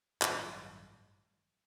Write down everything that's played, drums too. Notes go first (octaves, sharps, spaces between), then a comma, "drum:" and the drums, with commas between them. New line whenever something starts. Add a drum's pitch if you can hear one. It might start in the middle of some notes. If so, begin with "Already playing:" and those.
A1 G2 D#3 F#3, drum: clap